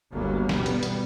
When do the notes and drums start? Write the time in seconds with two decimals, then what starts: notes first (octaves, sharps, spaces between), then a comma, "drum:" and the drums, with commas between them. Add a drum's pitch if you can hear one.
0.12 G1 D2 F#3 A#3 B3
0.49 B2 G3 B3, drum: snare
0.66 drum: hi-hat
0.83 drum: hi-hat